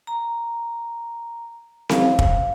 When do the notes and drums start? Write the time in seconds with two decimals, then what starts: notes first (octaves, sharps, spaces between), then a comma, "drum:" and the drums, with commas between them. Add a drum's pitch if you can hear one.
0.07 A#5
1.89 F5, drum: snare C4
2.19 drum: kick